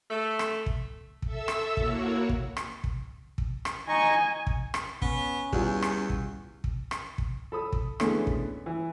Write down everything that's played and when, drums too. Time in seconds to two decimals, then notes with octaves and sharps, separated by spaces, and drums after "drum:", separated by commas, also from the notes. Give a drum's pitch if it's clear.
0.11 A3
0.39 drum: rim click
0.66 drum: kick
1.22 A4 E5 E6, drum: kick
1.48 drum: rim click
1.77 A#3 E4 F#4 C#5, drum: kick
2.29 drum: kick
2.57 drum: rim click
2.84 drum: kick
3.38 drum: kick
3.65 drum: rim click
3.89 D#4 D#5 G#5 C#6
4.47 drum: kick
4.74 drum: rim click
5.02 B3 C#4, drum: kick
5.52 E2 G3 F4, drum: kick
5.82 drum: rim click
6.10 drum: kick
6.64 drum: kick
6.91 drum: rim click
7.18 drum: kick
7.52 A4 B5 D#6
7.73 drum: kick
8.00 D3 E3 G#3 A3 B3 C#4, drum: rim click
8.27 drum: kick
8.66 E3